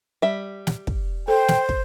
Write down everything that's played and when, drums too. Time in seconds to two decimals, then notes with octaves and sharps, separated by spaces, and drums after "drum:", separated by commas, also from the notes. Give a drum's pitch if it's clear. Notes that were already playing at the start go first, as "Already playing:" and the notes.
0.22 G3 E5
0.67 drum: snare
0.87 drum: kick
1.28 A4 C5 G5
1.48 drum: snare
1.69 drum: kick